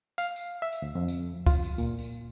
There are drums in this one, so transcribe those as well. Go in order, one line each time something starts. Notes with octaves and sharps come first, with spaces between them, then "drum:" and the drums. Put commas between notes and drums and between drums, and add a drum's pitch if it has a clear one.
F5, drum: tambourine
drum: tambourine
E5
drum: tambourine
D2
F2
drum: tambourine
F4, drum: kick C#2, tambourine
drum: tambourine
A#2, drum: tambourine
drum: tambourine